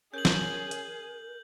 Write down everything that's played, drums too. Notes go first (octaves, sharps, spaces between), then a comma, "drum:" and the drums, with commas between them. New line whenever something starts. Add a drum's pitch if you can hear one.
C#4 G#4 A#4 G6 F#7
drum: snare
drum: hi-hat